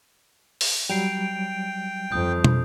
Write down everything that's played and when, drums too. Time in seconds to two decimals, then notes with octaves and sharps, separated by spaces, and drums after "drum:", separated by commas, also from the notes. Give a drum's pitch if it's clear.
0.61 drum: open hi-hat
0.89 F#3 G3 G5 C7 D7 F7
2.12 F2 E3 D#6 G6
2.45 drum: tom